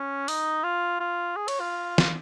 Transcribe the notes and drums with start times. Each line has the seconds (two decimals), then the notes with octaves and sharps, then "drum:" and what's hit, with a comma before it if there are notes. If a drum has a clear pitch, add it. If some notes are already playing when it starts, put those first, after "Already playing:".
Already playing: C#4
0.28 D#4, drum: open hi-hat
0.64 F4
1.00 F4
1.36 G#4
1.48 C#5, drum: cymbal
1.60 F4
1.98 drum: snare